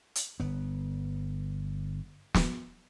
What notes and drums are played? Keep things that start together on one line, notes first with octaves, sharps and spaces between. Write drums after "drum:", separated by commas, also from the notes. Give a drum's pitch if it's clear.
drum: hi-hat
G1 B3
drum: snare